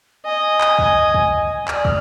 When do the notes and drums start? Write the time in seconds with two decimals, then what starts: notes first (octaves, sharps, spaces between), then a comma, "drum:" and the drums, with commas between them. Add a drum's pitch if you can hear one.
0.25 D#5 G#5
0.61 drum: clap
0.79 drum: kick
1.14 drum: kick
1.68 D5 F6, drum: clap
1.76 D#6
1.85 F6, drum: kick